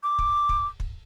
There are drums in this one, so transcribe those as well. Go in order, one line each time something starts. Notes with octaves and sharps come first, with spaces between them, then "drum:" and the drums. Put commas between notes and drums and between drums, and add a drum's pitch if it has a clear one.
D6
drum: kick
drum: kick
drum: kick